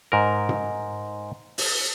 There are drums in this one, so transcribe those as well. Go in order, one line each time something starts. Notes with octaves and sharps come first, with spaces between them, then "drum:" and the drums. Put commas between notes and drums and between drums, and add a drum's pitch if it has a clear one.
G#2 A#4
drum: tom G#2
drum: open hi-hat